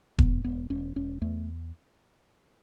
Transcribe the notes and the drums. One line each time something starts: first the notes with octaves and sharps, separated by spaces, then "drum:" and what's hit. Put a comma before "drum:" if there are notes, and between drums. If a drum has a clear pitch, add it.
E1 B3, drum: kick E1
E1 B3
E1 C#4
E1 C#4
E2 A3